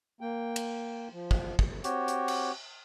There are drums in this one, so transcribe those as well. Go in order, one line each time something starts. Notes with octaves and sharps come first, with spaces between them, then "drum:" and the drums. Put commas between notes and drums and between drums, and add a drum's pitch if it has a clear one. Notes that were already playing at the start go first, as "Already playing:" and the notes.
A#3 G5
drum: cymbal
F3
drum: kick
drum: kick
C4 F#4 G4 C#5, drum: hi-hat
drum: hi-hat
drum: cymbal